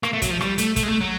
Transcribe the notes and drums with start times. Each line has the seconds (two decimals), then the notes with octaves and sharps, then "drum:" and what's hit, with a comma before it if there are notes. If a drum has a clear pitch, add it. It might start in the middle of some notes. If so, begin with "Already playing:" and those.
0.03 A#3, drum: rim click
0.13 A3
0.22 F#3, drum: kick, hi-hat
0.30 F3
0.41 G3, drum: rim click
0.58 A3, drum: hi-hat
0.76 A3, drum: kick, hi-hat
0.83 G#3
0.88 A3
1.01 F#3